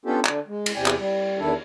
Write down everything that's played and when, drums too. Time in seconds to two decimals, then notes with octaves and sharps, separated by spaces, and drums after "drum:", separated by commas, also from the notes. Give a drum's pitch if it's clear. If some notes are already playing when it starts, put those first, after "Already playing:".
0.06 B3 C#4 D4 F4 G4 A4
0.25 D3, drum: clap
0.48 G#3
0.66 drum: cymbal
0.76 E2 C3 D5 G5 G#5
0.86 drum: clap
0.99 G3
1.39 E2 D#3 D4 E4 A4